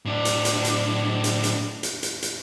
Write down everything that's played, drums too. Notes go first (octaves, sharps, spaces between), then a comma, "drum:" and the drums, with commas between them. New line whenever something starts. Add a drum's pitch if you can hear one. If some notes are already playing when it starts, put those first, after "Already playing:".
A2 D4
drum: hi-hat
drum: hi-hat
drum: hi-hat
drum: hi-hat
drum: hi-hat
drum: hi-hat
drum: hi-hat
drum: hi-hat